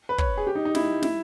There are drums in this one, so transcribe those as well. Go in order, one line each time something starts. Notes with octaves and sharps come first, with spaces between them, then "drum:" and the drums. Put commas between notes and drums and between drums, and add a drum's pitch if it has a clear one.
B4
C#5, drum: kick
G#4
G4
D#4
D#4
E4, drum: snare
E4, drum: snare